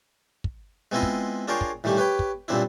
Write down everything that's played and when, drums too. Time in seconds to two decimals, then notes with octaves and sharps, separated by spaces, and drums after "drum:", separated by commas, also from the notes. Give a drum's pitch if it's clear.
0.44 drum: kick
0.92 G#3 B3 C4 E4 F4 D#5
1.03 drum: kick
1.48 D4 F4 G#4 A#4 C#5 G5
1.61 drum: kick
1.84 A2 D#3 G3 C#4 G4
1.97 G4 B4 C#5 G5
2.19 drum: kick
2.48 G2 A#2 C#3 C4 D4 E4